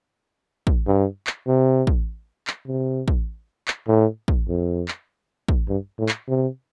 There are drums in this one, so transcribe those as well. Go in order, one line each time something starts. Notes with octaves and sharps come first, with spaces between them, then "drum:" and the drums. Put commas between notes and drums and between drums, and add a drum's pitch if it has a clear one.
drum: kick
G2
drum: clap
C3
drum: kick
drum: clap
C3
drum: kick
drum: clap
A2
drum: kick
F2
drum: clap
drum: kick
G2
A2
drum: clap
C3